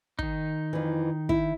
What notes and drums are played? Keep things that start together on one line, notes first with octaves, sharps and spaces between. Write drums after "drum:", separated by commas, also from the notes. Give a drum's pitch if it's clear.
D#3 D#4, drum: kick
F2 E3
E4, drum: kick